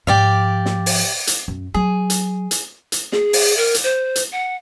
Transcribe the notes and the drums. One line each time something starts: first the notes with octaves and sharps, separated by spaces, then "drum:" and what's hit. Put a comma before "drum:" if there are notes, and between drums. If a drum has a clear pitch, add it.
G#2 F3 G4 D5 F5
drum: snare
drum: open hi-hat
drum: hi-hat
F#2
F#3 G#4
drum: hi-hat
drum: hi-hat
drum: hi-hat
G#4, drum: snare
drum: open hi-hat
A#4
drum: hi-hat
C5
drum: hi-hat
F#5